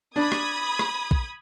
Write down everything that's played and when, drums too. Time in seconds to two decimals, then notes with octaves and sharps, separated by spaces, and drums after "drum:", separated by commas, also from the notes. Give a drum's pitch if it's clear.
0.16 D4 B5 D#6 G#6
0.32 drum: rim click
0.79 drum: rim click
1.11 drum: kick